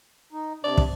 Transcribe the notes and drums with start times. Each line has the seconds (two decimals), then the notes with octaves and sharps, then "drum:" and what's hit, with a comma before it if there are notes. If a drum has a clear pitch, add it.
0.33 D#4
0.64 C3 D4 D5
0.78 drum: kick